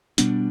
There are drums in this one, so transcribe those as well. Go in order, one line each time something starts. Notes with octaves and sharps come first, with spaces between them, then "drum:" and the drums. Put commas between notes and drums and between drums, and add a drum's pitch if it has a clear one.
B2 G3 B3 D4, drum: hi-hat